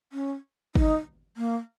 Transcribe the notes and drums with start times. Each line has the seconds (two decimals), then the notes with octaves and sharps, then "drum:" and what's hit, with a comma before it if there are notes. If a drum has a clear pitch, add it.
0.13 C#4
0.75 D#4, drum: kick
1.37 A#3